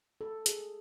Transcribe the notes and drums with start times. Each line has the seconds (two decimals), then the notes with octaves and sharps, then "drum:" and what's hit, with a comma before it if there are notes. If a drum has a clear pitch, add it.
0.21 A4
0.46 G#4, drum: hi-hat